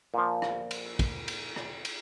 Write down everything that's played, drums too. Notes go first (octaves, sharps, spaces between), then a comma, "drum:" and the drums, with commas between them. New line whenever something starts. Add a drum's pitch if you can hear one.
A#2 F3
drum: rim click
drum: cymbal
drum: kick, cymbal
drum: cymbal
drum: rim click
drum: cymbal